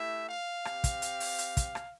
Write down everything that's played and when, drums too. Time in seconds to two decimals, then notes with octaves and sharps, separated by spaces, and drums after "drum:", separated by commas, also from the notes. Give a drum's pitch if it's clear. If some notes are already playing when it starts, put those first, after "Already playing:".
Already playing: A3 E4 G4 E5
0.29 F5
0.65 C4 G4, drum: rim click
0.84 drum: kick, hi-hat
1.02 drum: hi-hat
1.20 drum: open hi-hat
1.39 drum: hi-hat
1.57 drum: kick, hi-hat
1.75 drum: rim click